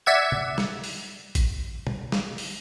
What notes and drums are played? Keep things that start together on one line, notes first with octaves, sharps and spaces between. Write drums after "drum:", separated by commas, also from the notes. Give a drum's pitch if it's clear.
D5 E5 F#5 E6 G#6
drum: tom
drum: snare
drum: open hi-hat
drum: kick G#1, hi-hat
drum: tom B2
drum: snare
drum: open hi-hat